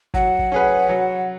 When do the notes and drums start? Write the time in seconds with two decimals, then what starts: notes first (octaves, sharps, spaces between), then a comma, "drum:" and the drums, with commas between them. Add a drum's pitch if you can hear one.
0.14 F#3 F#5, drum: kick
0.39 drum: kick
0.52 C#4 G#4 B4
0.89 F#3